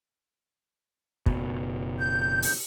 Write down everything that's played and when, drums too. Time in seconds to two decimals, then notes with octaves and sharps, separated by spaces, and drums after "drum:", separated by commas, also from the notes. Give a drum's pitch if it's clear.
1.26 F#1 B2, drum: kick
1.99 G6
2.42 drum: open hi-hat